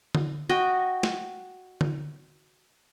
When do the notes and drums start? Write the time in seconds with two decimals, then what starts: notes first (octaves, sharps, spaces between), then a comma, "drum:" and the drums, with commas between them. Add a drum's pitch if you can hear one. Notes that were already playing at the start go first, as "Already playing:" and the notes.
0.15 drum: tom
0.49 F#4 D#5 G5
1.03 drum: snare
1.81 drum: tom